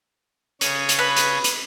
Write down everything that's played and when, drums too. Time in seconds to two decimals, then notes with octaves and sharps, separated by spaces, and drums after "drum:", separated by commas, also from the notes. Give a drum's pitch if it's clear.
0.61 C#3 C#5 D#6, drum: hi-hat
0.89 drum: hi-hat
0.99 B4
1.17 drum: hi-hat
1.44 drum: hi-hat